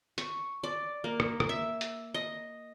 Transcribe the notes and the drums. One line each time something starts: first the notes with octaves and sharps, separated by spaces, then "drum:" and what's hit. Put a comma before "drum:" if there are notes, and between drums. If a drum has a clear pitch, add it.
C#6, drum: hi-hat
D5
A#3
drum: rim click
drum: rim click
E5
drum: hi-hat
D#5